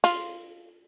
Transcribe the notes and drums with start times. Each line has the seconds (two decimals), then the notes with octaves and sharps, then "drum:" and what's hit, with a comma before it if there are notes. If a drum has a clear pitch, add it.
0.04 F4, drum: hi-hat